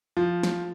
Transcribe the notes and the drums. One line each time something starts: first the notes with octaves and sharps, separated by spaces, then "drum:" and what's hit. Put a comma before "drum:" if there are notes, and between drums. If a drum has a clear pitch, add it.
F3
drum: snare